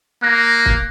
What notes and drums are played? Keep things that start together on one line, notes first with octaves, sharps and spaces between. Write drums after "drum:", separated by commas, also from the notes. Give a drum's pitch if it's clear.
A#3 F#6 G#6 A#6
drum: kick